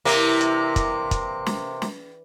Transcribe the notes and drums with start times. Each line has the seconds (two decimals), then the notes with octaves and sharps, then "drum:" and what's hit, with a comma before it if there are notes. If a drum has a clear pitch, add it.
0.05 C3 E3 A#3 D4 D5, drum: open hi-hat
0.41 drum: hi-hat
0.76 drum: kick, hi-hat
1.11 drum: kick, hi-hat
1.46 drum: snare
1.82 drum: snare